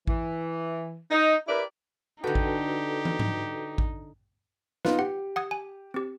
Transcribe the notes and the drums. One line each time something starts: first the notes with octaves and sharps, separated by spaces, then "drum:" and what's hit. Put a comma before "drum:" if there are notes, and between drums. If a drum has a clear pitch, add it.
E3, drum: kick A1
D#4
E4 G4 A#4 B4 D5
D3 D#4 F#4 G4 A4 B4 G5
drum: kick A1
drum: tom
drum: tom G#2
drum: kick A1
B3 D#4 F4 B4, drum: snare
G4 F#5
F#5 D#6 G#6
G#5
C4 G4